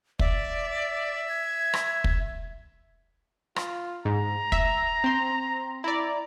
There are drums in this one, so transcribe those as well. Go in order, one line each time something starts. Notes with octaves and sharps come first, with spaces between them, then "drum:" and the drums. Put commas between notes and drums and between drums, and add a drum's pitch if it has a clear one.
D5 E5, drum: kick
G#6
drum: rim click
drum: kick
F4, drum: rim click
G#2 A#5
E5, drum: kick
C4 C6
E4 D5 A#5